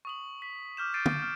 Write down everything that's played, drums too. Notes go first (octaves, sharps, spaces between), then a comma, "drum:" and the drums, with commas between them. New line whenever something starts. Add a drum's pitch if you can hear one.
C#6 D#6 F#7
B6
D6 F6 G6 E7
G6 A6 C7 D7 D#7
drum: tom
F6 G6